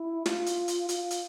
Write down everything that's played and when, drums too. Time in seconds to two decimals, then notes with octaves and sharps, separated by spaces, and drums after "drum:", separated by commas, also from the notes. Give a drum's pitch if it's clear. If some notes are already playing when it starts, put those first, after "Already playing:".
Already playing: E4
0.26 F4, drum: snare
0.46 drum: hi-hat
0.68 drum: hi-hat
0.89 F4, drum: hi-hat
1.11 drum: hi-hat